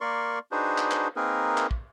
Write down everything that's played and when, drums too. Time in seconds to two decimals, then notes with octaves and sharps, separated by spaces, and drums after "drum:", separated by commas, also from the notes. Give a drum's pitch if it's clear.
0.01 A#3 A#4 D5 C6 C#6
0.52 D4 D#4 F#4 G#4 B4 C5
0.78 drum: clap
0.91 drum: clap
1.16 A#3 C4 D#4 G#4 A#4 B4
1.57 drum: clap
1.71 drum: kick